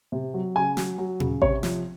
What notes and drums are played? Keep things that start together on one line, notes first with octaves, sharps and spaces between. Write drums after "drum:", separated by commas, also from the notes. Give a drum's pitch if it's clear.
C3
F#3
C#3 G#5
F#3, drum: snare
F#3
C#3, drum: tom A#2
C3 C#5, drum: kick A1
F3, drum: snare